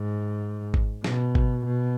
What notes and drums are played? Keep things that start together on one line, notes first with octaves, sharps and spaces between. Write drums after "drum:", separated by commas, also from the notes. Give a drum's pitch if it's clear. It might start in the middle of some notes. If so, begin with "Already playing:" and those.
Already playing: G#2
drum: kick G#1
B2, drum: snare
drum: kick G#1
B2